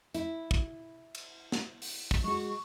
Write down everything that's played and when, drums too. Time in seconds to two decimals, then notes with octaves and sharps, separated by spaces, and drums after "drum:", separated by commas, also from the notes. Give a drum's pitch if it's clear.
0.14 E4, drum: hi-hat
0.51 drum: kick
1.15 drum: cymbal
1.52 drum: snare
1.82 drum: open hi-hat
2.11 drum: kick
2.24 G#3 F#4 C#6